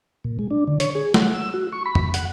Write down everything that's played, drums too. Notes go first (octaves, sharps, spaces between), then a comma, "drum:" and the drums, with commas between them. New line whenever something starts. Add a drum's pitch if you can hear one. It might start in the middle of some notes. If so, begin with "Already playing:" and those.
A#2
G#3
D4
D3
C#5, drum: hi-hat
G#4
F#5, drum: snare A3
E6
F#4
C#6
B5
drum: tom
F#5, drum: hi-hat